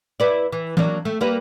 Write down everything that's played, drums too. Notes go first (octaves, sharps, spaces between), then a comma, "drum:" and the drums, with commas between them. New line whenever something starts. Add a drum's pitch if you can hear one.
E4 B4 D5
E3
F#3 A#3 D4, drum: tom E3
A3
G3 A#3 B4